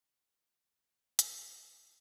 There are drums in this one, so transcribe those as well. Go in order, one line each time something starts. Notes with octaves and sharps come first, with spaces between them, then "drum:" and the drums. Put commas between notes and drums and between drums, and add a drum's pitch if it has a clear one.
B2
D1
F3
A#1
C3
G#2
F4, drum: hi-hat
C3
G2
A#1
A#2
D#2